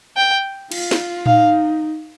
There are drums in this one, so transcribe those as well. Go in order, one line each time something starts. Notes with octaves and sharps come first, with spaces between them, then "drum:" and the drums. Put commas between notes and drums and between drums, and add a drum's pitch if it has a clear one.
G5
F4, drum: cymbal
drum: snare
D#4 F5, drum: tom A2